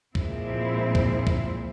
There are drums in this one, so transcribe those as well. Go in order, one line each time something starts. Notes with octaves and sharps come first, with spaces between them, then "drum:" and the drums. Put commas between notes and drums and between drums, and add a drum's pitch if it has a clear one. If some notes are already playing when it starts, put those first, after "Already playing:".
A#2 F3 G#3 C4 E4, drum: kick
drum: kick
drum: kick